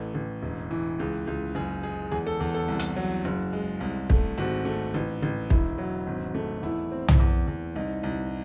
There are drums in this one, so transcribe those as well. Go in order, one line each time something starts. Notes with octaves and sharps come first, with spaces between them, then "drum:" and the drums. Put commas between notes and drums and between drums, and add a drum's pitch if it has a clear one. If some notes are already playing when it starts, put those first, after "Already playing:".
Already playing: A1 A3
A1
E1
E3
C#2
C#2
F#1 G#4
G#3 G#4
E2 G#4
A4
E2 A4
A4
C2
drum: hi-hat
F#3
F#1
G#3
C2
A3, drum: kick
G#1 F#4
A3
A1
A1
E1 E4, drum: kick
F#3
G#1
A3
E2 E4
C4
drum: tom
E2
E2
C2 D#4
C2